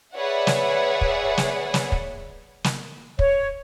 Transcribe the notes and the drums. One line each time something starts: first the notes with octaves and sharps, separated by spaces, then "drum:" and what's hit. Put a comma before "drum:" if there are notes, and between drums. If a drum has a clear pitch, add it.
G#4 B4 C#5 D5 E5 F#5
drum: snare
drum: kick
drum: snare
drum: snare
drum: kick
drum: snare
C#5, drum: kick